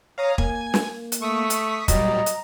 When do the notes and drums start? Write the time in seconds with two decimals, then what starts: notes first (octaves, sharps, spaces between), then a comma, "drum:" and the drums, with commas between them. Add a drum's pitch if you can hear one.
0.18 C#5 F5 A#5 D#6
0.38 A#3 G#5 G#6, drum: kick
0.74 drum: snare
1.12 drum: hi-hat
1.22 A3 C#6 D#6 B6
1.50 drum: hi-hat
1.88 A#2 F#3 G3 D#5 A#5, drum: kick, hi-hat
2.26 drum: hi-hat